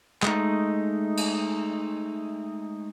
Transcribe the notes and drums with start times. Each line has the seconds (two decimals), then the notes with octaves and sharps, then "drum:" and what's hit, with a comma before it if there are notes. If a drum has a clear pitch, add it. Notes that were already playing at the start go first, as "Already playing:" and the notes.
0.23 G#3 A3 D#4, drum: clap
1.17 drum: cymbal